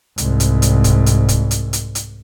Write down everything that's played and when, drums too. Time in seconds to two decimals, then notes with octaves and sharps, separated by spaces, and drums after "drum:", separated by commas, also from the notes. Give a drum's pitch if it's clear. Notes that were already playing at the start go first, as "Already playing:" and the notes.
0.18 C2 G#2, drum: hi-hat
0.40 drum: hi-hat
0.62 drum: hi-hat
0.84 drum: kick D1, hi-hat
1.06 drum: hi-hat
1.29 drum: kick D1, hi-hat
1.51 drum: hi-hat
1.73 drum: hi-hat
1.95 drum: hi-hat